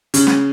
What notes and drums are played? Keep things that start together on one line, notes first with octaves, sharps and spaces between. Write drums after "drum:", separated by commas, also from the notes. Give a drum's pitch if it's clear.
C#3, drum: hi-hat
drum: snare